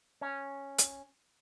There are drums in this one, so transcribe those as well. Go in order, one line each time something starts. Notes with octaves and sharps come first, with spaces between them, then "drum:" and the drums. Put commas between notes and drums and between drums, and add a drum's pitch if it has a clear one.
C#4
drum: hi-hat